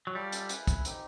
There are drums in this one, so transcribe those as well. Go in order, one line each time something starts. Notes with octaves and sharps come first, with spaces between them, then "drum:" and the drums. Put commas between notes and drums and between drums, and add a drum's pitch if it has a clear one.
F#3
G3 F4 A4 D5
drum: hi-hat
E4 G#4 B4, drum: hi-hat
drum: kick, hi-hat
C4 D#4 G4, drum: hi-hat